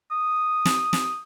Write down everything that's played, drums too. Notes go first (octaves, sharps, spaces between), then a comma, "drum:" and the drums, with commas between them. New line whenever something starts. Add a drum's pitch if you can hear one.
D#6
drum: snare
drum: snare